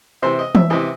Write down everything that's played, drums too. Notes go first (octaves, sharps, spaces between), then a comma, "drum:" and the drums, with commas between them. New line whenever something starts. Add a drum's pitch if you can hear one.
C3 E3 C5
D#5
E5, drum: tom E3
C3 E3 D#5